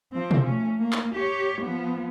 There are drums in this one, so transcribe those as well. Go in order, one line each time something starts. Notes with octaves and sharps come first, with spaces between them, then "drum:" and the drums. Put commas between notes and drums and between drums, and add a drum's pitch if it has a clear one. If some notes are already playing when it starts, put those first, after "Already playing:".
F3 C4
drum: tom B2
A3 C#4
A#3
drum: clap
G4 C#5
F3 B3